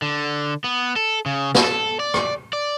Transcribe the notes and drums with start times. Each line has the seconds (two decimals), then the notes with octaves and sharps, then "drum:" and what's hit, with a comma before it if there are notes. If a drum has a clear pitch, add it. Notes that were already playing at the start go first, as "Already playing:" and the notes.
0.02 D3
0.64 B3
0.96 A4
1.26 C#3
1.55 drum: snare
1.64 A4
2.00 D5
2.14 drum: rim click
2.53 D5